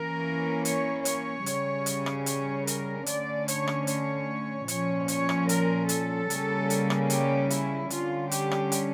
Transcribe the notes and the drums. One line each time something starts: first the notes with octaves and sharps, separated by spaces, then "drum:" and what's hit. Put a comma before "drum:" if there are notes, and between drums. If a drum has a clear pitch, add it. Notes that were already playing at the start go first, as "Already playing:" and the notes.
Already playing: E3 A#3 C#4 A#4
C#5, drum: hi-hat
C#5, drum: hi-hat
C#3 G3 C#4, drum: hi-hat
drum: hi-hat
drum: rim click
C#5, drum: hi-hat
A#4, drum: hi-hat
D3 A3 C#4 D5, drum: hi-hat
C#5, drum: hi-hat
drum: rim click
C#5, drum: hi-hat
A#2 F3 C#4 C#5, drum: hi-hat
C#5, drum: hi-hat
drum: rim click
A#4, drum: hi-hat
A4, drum: hi-hat
C#3 G3 A#3 C#4, drum: hi-hat
drum: hi-hat
drum: rim click
G4, drum: hi-hat
E4, drum: hi-hat
D3 G3 C#4 F4, drum: hi-hat
G4, drum: hi-hat
drum: rim click
drum: hi-hat